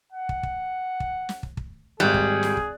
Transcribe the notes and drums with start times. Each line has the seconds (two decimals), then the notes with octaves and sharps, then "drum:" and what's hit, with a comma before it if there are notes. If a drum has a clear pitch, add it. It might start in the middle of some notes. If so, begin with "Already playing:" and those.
0.12 F#5
0.29 drum: kick
0.43 drum: kick
1.00 drum: kick
1.29 drum: snare
1.43 drum: kick
1.57 drum: kick
2.00 G#1 G3 G#4 F#6
2.14 drum: kick
2.43 drum: snare
2.57 drum: kick